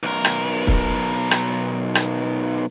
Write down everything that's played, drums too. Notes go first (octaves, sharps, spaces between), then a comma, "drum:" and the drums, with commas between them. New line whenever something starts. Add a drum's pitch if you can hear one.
B1 A#4
drum: rim click
drum: kick
drum: rim click
drum: rim click